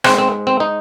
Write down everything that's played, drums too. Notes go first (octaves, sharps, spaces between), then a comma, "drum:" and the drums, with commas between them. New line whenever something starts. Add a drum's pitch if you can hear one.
G#2 G#3 C4, drum: rim click
C4
C4
D#4